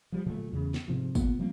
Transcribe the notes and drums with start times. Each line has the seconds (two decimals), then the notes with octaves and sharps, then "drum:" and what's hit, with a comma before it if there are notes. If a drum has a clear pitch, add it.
0.12 F3 G3
0.26 A#2 D3 F#3 A3
0.52 E2 C#3
0.74 drum: snare
0.88 G#2 C3 F3
1.15 A#2 A#3 B3, drum: kick, tambourine
1.39 F3 G3 A#3 C4